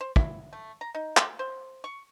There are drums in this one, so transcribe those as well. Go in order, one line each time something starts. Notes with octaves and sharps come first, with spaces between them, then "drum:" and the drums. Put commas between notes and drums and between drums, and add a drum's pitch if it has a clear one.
C5
E4, drum: kick
A3
A#5
D#4
drum: clap
C5
C#6